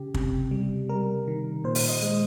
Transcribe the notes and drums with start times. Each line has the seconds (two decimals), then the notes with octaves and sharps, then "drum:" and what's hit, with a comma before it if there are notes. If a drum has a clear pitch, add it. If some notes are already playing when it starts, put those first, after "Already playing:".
Already playing: C#3 G4
0.14 C3, drum: kick
0.51 G3
0.89 G3 A#4
1.28 D#3
1.64 A#2 C5
1.75 drum: open hi-hat
1.89 D#5
2.02 G#3